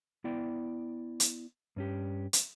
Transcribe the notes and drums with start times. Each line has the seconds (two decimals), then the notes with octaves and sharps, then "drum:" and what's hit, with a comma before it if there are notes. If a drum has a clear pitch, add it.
0.24 B3 E4 D5 G5
1.20 drum: hi-hat
1.76 G2 C#4 G4
2.33 drum: hi-hat